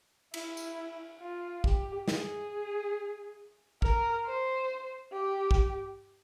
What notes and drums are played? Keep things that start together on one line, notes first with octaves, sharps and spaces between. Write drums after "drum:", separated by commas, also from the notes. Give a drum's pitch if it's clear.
E4, drum: cymbal
drum: tambourine
F4
G4, drum: kick
G#4, drum: snare
A#4, drum: kick
C5
G4
drum: kick